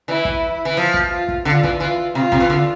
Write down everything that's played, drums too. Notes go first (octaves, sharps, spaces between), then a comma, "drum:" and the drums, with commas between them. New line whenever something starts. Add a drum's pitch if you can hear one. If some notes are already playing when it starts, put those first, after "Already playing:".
E3 E4
drum: kick
E3
F3 F4
drum: kick
F4
drum: kick
D3 F4
E3, drum: kick
E3 F4
C3 F4
C3, drum: kick
E3
D3